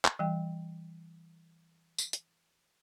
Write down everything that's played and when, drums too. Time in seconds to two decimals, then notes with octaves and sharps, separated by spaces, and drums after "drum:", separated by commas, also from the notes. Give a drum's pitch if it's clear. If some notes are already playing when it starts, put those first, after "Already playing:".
0.05 drum: clap
0.19 E3 G3 G5
1.98 drum: tambourine
2.13 drum: hi-hat